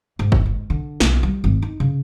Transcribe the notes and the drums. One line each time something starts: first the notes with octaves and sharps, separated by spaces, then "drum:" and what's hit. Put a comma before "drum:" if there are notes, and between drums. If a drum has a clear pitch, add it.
G#2
D3, drum: kick G1
G#2
D3
B1, drum: snare
G3
G#1
D#4
C#3